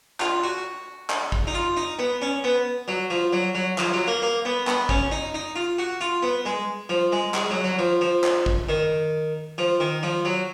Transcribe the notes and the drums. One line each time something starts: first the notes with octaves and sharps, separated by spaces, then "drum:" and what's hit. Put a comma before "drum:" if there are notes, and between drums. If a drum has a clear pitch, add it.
F4, drum: clap
F#4
drum: clap
drum: kick
D#4
F4
D#4
B3
C#4
B3
F#3
F3
F#3
F#3
F3, drum: clap
F#3
A#3
A#3
B3
B3, drum: clap
C#4, drum: kick
D#4
D#4
F4
F#4
F4
B3
G#3
F3
G#3
G#3, drum: clap
F#3
F#3
F3
F3
drum: clap
drum: kick
D#3
F3
D#3
F3
F#3